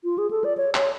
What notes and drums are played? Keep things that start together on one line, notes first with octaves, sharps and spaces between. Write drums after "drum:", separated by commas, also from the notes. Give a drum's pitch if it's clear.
F4
G#4
A4
D5
C#5
C#5, drum: clap